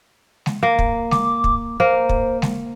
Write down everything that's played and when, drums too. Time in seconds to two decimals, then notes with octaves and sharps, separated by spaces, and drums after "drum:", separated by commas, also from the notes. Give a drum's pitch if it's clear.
0.46 drum: snare G#3
0.63 A#3
0.79 drum: kick
1.11 D6, drum: snare G#3
1.44 drum: kick
1.80 A#3 C5
2.09 drum: kick
2.42 drum: snare G#3